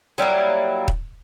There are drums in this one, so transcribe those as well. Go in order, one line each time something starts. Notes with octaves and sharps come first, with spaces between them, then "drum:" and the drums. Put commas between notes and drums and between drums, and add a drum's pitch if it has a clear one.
F#3 G3 A#3 E4
drum: kick D#1